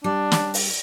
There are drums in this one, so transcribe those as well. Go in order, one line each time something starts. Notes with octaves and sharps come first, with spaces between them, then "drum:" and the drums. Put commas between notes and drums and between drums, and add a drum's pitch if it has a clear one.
G3 D4
drum: snare
drum: open hi-hat